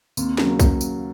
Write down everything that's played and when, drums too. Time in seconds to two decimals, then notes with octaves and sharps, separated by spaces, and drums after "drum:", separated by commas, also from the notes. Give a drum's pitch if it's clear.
0.17 D#2 C4, drum: tambourine
0.38 C#3 F#3 A#3, drum: snare
0.60 drum: kick B1, tambourine
0.81 drum: tambourine